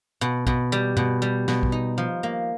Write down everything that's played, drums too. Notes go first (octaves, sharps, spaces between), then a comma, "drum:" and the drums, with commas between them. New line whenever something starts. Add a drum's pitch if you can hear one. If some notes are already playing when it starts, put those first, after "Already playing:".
B2
B2, drum: kick
G3
B2, drum: tom G2
G3
B2, drum: snare
drum: kick
D#4
F3
A#3